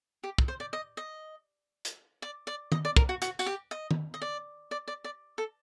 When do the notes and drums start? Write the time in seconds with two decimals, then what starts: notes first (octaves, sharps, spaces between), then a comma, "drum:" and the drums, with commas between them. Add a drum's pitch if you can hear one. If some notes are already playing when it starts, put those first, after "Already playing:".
0.24 G4
0.38 drum: kick
0.48 C5
0.60 D5
0.73 D#5
0.97 D#5
1.85 drum: hi-hat
2.22 D5
2.47 D5
2.72 D#5, drum: tom D#3
2.85 D5
2.96 A#4, drum: kick
3.09 F#4
3.22 F#4, drum: hi-hat
3.39 F#4, drum: tambourine
3.46 G4
3.71 D#5
3.91 drum: tom D#3
4.14 D#5
4.22 D5
4.71 D5
4.88 D5
5.04 D5
5.38 A4